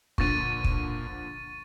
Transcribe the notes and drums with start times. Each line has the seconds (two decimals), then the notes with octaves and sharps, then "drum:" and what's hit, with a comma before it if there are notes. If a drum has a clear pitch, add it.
0.18 A#2 D3 F3 C#6 A6 D#7, drum: kick
0.64 drum: kick